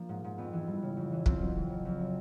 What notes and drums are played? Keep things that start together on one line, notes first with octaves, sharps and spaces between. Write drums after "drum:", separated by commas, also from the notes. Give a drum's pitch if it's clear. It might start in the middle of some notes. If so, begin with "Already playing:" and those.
Already playing: F3 A#3 D4
G#2
G#2
F2 B3
E3
G3
C#3
F2
E3
F2 C4, drum: kick
F#3
F2
C#3
F2
F#3